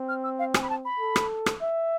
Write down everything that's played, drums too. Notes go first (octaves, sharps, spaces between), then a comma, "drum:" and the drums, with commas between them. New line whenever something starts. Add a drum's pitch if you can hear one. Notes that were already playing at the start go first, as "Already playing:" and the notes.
Already playing: C4
F6
E6
F5
G#5, drum: rim click
B5
A5
B5
A4
drum: rim click
drum: rim click
E5